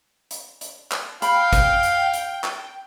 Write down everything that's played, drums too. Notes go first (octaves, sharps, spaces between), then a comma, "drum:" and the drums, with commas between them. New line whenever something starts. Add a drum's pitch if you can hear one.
drum: hi-hat
drum: hi-hat
drum: clap
F5 G5 B5, drum: hi-hat
drum: kick, hi-hat
drum: hi-hat
drum: hi-hat
drum: clap